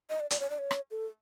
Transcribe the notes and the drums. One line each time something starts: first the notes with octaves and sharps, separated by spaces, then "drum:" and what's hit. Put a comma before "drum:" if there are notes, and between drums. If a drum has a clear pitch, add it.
D#5
D5
D5, drum: hi-hat
C#5
D5
C#5
drum: rim click
A4